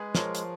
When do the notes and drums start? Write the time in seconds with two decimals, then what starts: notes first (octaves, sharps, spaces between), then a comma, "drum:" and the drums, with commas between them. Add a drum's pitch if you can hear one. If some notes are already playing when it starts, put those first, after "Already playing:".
Already playing: G#3 G#4 B4
0.15 F3 A#4 C#5, drum: snare
0.35 drum: hi-hat